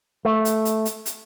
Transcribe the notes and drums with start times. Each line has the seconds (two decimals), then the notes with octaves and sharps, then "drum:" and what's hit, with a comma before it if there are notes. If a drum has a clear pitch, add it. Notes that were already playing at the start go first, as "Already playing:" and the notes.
0.25 A3
0.45 drum: hi-hat
0.65 drum: hi-hat
0.85 drum: hi-hat
1.06 drum: hi-hat